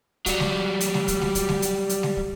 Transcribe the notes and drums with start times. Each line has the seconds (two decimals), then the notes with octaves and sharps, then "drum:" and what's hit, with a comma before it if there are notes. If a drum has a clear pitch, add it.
0.26 F#3 G3, drum: kick, hi-hat
0.40 drum: snare G#3
0.81 drum: hi-hat
0.94 drum: snare G#3
1.08 drum: kick, hi-hat
1.21 drum: snare G#3
1.35 drum: kick, hi-hat
1.49 drum: snare G#3
1.62 drum: hi-hat
1.89 drum: hi-hat
2.03 drum: snare G#3
2.17 drum: kick